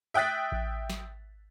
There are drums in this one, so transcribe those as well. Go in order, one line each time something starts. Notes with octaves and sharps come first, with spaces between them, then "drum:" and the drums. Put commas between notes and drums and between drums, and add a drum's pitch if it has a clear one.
E5 G5 D#6 F#6 A6 B6
drum: kick A1
drum: snare